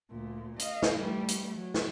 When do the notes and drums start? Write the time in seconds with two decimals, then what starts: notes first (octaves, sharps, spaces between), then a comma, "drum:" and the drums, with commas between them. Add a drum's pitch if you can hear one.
0.11 D2 A#2
0.59 D#5 F5, drum: hi-hat
0.82 drum: snare
0.98 G3 A3
1.28 drum: hi-hat
1.58 F#3
1.74 drum: snare